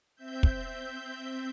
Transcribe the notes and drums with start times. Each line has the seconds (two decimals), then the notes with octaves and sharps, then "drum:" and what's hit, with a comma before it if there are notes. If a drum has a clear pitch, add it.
0.15 C4 E5 G6
0.43 drum: kick